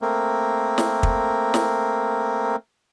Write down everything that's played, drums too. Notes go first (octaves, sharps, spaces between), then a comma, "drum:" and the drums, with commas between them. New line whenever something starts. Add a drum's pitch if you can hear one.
A3 A#3 C4 A#4
drum: snare
drum: kick
drum: snare